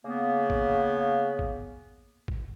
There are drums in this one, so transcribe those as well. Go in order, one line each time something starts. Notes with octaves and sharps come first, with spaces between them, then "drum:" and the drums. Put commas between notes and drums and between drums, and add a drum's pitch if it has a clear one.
C#3 A#3 B3
drum: kick G#1
drum: kick G#1
drum: kick G#1